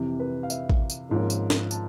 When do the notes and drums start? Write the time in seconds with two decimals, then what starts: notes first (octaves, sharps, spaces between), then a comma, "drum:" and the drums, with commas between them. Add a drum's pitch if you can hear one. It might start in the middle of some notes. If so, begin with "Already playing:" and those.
Already playing: F2 C3 E3
0.20 B4
0.43 F5
0.50 E5, drum: tambourine
0.70 drum: kick
0.90 drum: tambourine
1.09 G#1 G#2 F3 A#3 C#4
1.30 drum: tambourine
1.50 drum: snare
1.71 A5, drum: tambourine